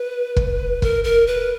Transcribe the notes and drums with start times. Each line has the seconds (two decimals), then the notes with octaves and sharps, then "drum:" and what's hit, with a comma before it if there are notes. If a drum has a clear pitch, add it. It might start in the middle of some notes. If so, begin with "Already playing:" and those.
Already playing: B4
0.36 drum: kick
0.82 A#4, drum: kick
1.04 A#4
1.27 B4